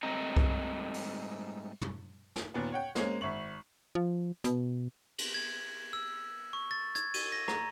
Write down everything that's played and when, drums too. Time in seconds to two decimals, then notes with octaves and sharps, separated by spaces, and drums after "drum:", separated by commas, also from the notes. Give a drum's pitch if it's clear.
0.03 G#2 G3 A3 C4 D#5 A#5
0.37 drum: kick C2
0.94 drum: open hi-hat
1.81 drum: tom
2.36 drum: snare
2.54 D#2 A#2 B3
2.72 C#5 F#5 G5
2.95 G#3 A#3 C4 C#4, drum: snare
3.21 G#1 E5 C#6 F#7
3.95 F3
4.44 B2, drum: hi-hat
5.19 F#7, drum: cymbal
5.34 G#6
5.93 E6
6.53 C#6
6.71 A6
6.95 G#6, drum: hi-hat
7.14 D#7, drum: cymbal
7.32 A#6
7.48 A#5, drum: rim click